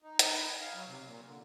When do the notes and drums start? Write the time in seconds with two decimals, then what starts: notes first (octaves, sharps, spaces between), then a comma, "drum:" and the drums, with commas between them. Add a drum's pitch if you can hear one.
0.02 D#4
0.19 D#4, drum: hi-hat
0.34 B4
0.48 G#5
0.61 F5
0.74 F#3
0.87 C3
1.05 A#2
1.26 D3